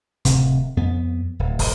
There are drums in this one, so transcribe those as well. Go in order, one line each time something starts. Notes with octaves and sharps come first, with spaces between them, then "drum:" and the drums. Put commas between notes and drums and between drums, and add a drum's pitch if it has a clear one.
D1 C3, drum: hi-hat
F2 B3
D1
drum: kick, open hi-hat